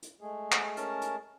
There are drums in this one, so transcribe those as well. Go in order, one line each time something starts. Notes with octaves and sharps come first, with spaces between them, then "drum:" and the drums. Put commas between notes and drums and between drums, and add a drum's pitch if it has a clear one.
drum: hi-hat
G#3 A3 G#4
drum: clap
C#4 A#4 A5, drum: hi-hat
drum: hi-hat